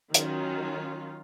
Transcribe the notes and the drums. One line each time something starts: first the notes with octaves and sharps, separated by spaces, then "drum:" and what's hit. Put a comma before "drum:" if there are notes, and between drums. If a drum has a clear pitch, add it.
D#3 F#3 C#4 F4, drum: hi-hat